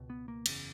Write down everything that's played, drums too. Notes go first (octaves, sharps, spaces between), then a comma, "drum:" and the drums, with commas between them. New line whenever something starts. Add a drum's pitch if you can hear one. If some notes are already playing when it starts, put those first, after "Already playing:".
Already playing: C#2 B2
B3
A#3
F#1 E2 C#3, drum: cymbal